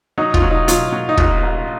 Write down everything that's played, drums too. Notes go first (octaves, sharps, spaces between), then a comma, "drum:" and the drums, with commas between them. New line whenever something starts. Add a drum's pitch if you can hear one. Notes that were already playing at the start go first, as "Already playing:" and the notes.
F#3 D#4
F4, drum: kick
F#3
D#4
F#3 F4, drum: hi-hat
F#3
D#4
A1 F4, drum: kick
A1